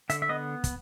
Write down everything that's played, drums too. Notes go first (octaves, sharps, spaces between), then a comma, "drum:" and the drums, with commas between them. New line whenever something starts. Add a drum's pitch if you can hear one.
D3 E5, drum: hi-hat
E5
B3 D#5
drum: kick, hi-hat